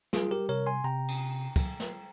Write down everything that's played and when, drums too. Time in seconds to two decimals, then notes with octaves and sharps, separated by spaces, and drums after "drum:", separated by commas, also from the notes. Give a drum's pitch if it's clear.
0.13 G3 F4 G#4, drum: snare
0.31 G4 A#4
0.49 C3 A#4 C#5
0.66 G#5 C6
0.84 C3 G5 A#5
1.08 drum: cymbal
1.56 drum: kick, cymbal
1.80 drum: snare